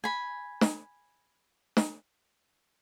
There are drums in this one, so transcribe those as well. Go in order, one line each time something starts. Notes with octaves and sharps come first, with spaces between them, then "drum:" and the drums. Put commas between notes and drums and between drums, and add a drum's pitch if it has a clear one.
G#5 B5
drum: snare
drum: snare